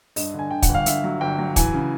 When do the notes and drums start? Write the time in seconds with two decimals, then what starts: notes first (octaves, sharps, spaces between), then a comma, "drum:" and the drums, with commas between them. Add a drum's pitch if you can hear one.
0.16 G2 D#5, drum: open hi-hat
0.34 D3 G#5
0.51 D3 G5
0.62 F#5, drum: kick, hi-hat
0.69 G1
0.75 F5
0.86 D3 E5, drum: hi-hat
1.04 F#3
1.21 G1 G5
1.38 F#3
1.56 E3 G#5, drum: kick, hi-hat
1.74 C#3